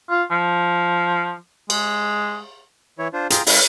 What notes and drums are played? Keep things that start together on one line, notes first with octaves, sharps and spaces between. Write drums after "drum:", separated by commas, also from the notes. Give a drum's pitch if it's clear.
F4
F3
G#3, drum: cymbal
E3 E4 C#5
D4 F4 C5
F4 G#4 G5 A#5, drum: hi-hat
G3 C#4 E4 F5, drum: open hi-hat